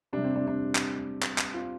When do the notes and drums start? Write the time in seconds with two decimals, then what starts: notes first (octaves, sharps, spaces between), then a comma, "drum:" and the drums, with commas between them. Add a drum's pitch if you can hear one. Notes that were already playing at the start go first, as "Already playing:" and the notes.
0.13 C3 G3 D4
0.24 C4
0.36 D4
0.48 D4
0.75 drum: clap
1.23 drum: clap
1.38 drum: clap
1.54 C4 F4